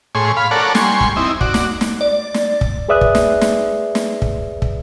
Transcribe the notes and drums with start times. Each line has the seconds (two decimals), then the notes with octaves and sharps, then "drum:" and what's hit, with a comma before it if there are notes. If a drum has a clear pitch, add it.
0.15 A2 G#4 C#5 C6
0.36 F5 B5
0.51 A4 A#4 C#5 D5 F#5
0.75 G3 G#5 C6 C#6, drum: snare
1.01 drum: kick
1.16 C4 D#4 E4
1.41 F#4 D5, drum: kick
1.54 drum: snare
1.81 drum: snare
2.01 D5
2.34 drum: snare
2.61 drum: kick
2.89 G#4 B4 D5 E5 D#6 F#6
3.01 drum: kick
3.15 drum: snare
3.41 drum: snare
3.95 drum: snare
4.22 drum: kick
4.62 drum: kick